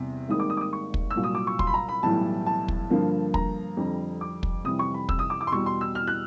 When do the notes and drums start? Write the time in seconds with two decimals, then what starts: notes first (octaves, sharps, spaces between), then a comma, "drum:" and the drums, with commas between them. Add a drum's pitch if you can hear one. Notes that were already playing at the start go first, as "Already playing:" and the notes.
Already playing: E2 C3 G3
0.29 G#1 G#2 D#3 G3 A#3 D#6
0.39 D6
0.50 D#6
0.57 D6
0.61 D#6
0.73 C#6
0.94 drum: kick
1.11 E6
1.16 C2 A#2 F#3
1.24 D#6
1.35 D6
1.47 C#6
1.59 C6, drum: kick
1.67 B5
1.74 A#5
1.89 B5
2.03 B1 A2 E3 G3 A5
2.46 A5
2.68 drum: kick
2.90 G2 D3 F3 A#3
3.34 A#5, drum: kick
3.77 F2 D3 G3
4.21 D6
4.43 drum: kick
4.65 F2 C3 E3 G3 D#6
4.79 C#6
4.94 B5
5.09 E6, drum: kick
5.19 D#6
5.30 D6
5.41 D6
5.47 C6
5.52 E2 B2 G3 C#6
5.66 C6
5.81 E6
5.95 F6
6.07 F#6